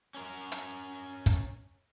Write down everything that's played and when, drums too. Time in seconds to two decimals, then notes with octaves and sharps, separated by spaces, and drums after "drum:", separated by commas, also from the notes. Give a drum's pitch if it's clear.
0.14 C#4 A#4
0.52 drum: hi-hat
1.26 drum: kick, hi-hat